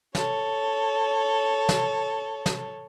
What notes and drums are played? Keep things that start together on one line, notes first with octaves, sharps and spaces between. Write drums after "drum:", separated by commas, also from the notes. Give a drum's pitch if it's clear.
A4 C#5, drum: snare
drum: snare
drum: snare